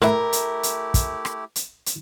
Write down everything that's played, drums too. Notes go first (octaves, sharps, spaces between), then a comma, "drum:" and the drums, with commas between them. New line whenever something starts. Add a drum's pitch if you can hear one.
A2 A3 E4 G4 A#4 B4 E5, drum: rim click
drum: hi-hat
drum: hi-hat
drum: kick, hi-hat
drum: rim click
drum: hi-hat
drum: hi-hat